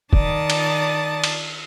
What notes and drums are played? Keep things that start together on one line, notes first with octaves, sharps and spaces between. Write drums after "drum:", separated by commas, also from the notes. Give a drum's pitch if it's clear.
D#3 D5 A5 D#6 A6, drum: kick
drum: cymbal
drum: cymbal